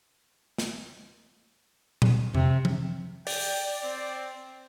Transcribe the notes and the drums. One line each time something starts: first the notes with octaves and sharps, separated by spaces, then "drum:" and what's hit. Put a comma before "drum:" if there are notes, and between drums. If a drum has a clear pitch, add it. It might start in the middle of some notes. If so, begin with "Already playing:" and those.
drum: snare
drum: tom A#2
C3, drum: tom F2
drum: tom F3
D5 G5, drum: open hi-hat
C4